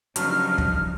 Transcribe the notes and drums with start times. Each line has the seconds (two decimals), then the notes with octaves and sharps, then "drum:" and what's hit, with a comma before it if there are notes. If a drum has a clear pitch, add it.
0.16 G2 C#3 F3 F#3 D#4 A5 F6, drum: hi-hat
0.58 drum: kick